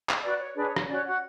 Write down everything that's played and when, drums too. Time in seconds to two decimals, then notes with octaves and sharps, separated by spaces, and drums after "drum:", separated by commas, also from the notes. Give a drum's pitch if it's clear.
0.09 drum: clap
0.22 F#4 B4 D5
0.39 C#5
0.54 D4 G#4 B4 D5
0.66 C#5
0.76 C#5, drum: rim click
0.88 C#4 F#4 C#5 D5
1.04 F#4 F#5